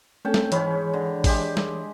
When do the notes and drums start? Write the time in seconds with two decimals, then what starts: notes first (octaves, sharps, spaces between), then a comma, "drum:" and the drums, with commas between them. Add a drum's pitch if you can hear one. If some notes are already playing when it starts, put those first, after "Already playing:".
0.25 A3 C4 C#4 A4 G5 A5
0.34 drum: snare
0.52 G#2 E3 C#4 C#5 B5, drum: hi-hat
0.93 D3
1.24 G#3 G4 G#4, drum: kick G#1, open hi-hat
1.57 drum: snare